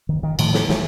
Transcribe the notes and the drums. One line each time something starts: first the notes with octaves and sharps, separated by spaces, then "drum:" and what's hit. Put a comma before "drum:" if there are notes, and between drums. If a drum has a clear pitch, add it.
D#3
D#3
A2 D#3 F3, drum: cymbal
drum: snare
E3 F#3, drum: snare